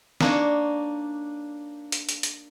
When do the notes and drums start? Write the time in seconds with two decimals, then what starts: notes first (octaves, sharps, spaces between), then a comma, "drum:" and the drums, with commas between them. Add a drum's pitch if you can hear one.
0.21 A#3 D4 D#4 C#5, drum: snare
1.92 drum: hi-hat
2.09 drum: hi-hat
2.23 drum: hi-hat